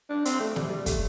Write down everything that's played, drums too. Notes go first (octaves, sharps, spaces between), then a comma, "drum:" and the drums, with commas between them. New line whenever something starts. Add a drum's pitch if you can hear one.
D4
C4, drum: hi-hat
A3
G3, drum: snare
G3
A3, drum: kick, hi-hat